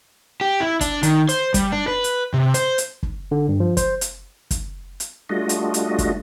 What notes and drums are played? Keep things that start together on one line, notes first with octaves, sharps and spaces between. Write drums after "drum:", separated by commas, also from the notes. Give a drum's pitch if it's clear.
G4
E4
D4, drum: kick, hi-hat
D#3, drum: hi-hat
C5, drum: hi-hat
G3, drum: kick, hi-hat
D4
B4
drum: hi-hat
C3
C5, drum: hi-hat
drum: hi-hat
drum: kick
D3
G2
F3
C5, drum: kick, hi-hat
drum: hi-hat
drum: kick, hi-hat
drum: hi-hat
G3 A3 D4 F4 F#4 D#5
drum: hi-hat
drum: hi-hat
drum: kick, hi-hat